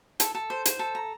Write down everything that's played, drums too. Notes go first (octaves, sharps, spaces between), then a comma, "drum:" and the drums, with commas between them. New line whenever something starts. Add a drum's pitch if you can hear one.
A4, drum: hi-hat
A4
C5
C5, drum: hi-hat
A4
A#5